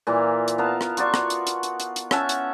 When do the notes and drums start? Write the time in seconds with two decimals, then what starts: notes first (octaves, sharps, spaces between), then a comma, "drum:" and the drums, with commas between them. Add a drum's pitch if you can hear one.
0.07 A#2 E3 A#3
0.48 drum: hi-hat
0.58 B3 A#4 F5 A5
0.81 drum: rim click
0.97 F4 F#4 D5 C#6, drum: hi-hat
1.14 drum: rim click
1.30 drum: hi-hat
1.47 drum: hi-hat
1.63 drum: hi-hat
1.80 drum: hi-hat
1.96 drum: hi-hat
2.11 C#4 E5 F#5 A5, drum: rim click
2.29 drum: hi-hat